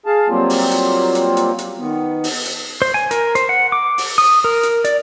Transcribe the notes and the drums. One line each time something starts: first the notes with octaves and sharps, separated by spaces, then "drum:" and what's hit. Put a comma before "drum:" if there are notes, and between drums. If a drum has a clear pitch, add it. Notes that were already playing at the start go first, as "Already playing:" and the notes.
G#4 F5 A5
F#3 G3 A#3 C4 F4
drum: open hi-hat
drum: hi-hat
drum: hi-hat
drum: hi-hat
drum: hi-hat
D#3 B3
drum: open hi-hat
drum: hi-hat
C5
G#5
A#4, drum: hi-hat
C5, drum: hi-hat
F#5
D6
drum: open hi-hat
D#6
A#4
drum: hi-hat
D5, drum: hi-hat